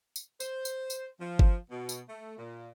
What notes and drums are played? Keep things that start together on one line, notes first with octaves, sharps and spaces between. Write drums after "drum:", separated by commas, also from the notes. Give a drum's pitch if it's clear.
drum: tambourine
C5, drum: tambourine
drum: tambourine
drum: tambourine
F3
drum: kick G1
B2
drum: tambourine
A3
A#2